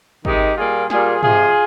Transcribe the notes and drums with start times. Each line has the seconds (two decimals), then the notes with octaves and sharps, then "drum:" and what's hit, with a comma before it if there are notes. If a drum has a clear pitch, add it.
0.25 C3 D#3 G#3 D#4 G4, drum: kick
0.57 A#2 G3 A#3 F4 G#4
0.90 A#2 G3 A#3 F4 G#4, drum: snare
1.23 C3 F3 G#3 F4 G#4, drum: tom